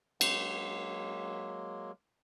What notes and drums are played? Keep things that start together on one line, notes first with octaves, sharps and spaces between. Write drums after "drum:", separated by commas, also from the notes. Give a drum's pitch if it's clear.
F#3 G#3 A#3, drum: cymbal